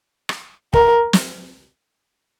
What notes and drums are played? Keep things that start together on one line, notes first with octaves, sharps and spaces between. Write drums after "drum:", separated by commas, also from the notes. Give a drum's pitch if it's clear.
drum: rim click
A#4, drum: kick
drum: snare